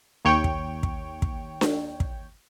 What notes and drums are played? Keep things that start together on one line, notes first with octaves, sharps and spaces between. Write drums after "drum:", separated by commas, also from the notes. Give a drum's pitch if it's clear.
D#2 C#5 G5
drum: kick
drum: kick
drum: kick
drum: snare D4
drum: kick